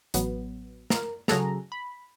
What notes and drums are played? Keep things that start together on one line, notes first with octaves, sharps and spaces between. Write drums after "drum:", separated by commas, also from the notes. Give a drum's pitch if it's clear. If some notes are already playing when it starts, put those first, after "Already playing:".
A1 F#3 B3, drum: hi-hat
A#4, drum: snare
C#3 F#3 F#4 G#4 A4 A#5, drum: snare
B5